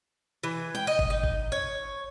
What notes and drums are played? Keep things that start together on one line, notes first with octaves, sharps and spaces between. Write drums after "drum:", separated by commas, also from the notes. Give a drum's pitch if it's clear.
E3
G5, drum: tom
D#5
drum: kick G1
D#4
drum: kick G1
C#5